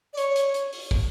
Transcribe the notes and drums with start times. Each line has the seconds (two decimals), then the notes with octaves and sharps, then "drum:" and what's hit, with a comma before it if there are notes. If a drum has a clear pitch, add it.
0.13 D5
0.17 C#5, drum: hi-hat
0.36 drum: hi-hat
0.54 drum: hi-hat
0.73 drum: open hi-hat
0.91 drum: kick